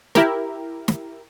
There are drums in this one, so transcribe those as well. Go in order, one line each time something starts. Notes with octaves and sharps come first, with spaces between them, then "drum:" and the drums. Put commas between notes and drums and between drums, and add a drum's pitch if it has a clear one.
E4 G4 A#4, drum: snare
drum: snare